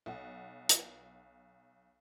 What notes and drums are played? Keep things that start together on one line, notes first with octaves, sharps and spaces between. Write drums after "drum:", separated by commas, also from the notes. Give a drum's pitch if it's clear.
B1 F#5
drum: hi-hat